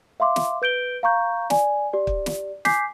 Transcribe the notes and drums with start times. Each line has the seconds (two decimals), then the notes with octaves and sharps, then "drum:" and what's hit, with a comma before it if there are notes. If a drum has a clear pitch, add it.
0.20 E5 F5 C6 D6
0.36 drum: snare
0.62 B4 G6 D7 G7
1.03 F5 A#5 C#6 G6
1.50 D5 G#5, drum: snare
1.93 G4 D5
2.07 drum: kick
2.26 drum: snare
2.65 G#5 D6 G6 B6 C7, drum: snare